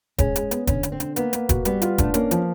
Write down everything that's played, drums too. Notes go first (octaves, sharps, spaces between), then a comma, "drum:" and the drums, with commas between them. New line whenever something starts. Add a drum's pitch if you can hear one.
G#3 C#4, drum: kick E1, hi-hat
G#3, drum: hi-hat
B3, drum: hi-hat
D3 C#4, drum: kick E1, hi-hat
D3, drum: hi-hat
C4
D3, drum: hi-hat
A#3 B3, drum: hi-hat
A#3, drum: hi-hat
F#4, drum: kick E1, hi-hat
G3 B3, drum: hi-hat
F4, drum: hi-hat
A3 D4, drum: kick E1, hi-hat
A#3 C#4, drum: hi-hat
F3, drum: hi-hat